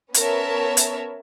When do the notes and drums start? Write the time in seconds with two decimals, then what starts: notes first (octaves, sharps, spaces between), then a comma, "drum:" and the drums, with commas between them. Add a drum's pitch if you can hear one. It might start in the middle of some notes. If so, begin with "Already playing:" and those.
0.14 B3 C#4 A#4 C#5 E5 A5, drum: hi-hat
0.77 drum: hi-hat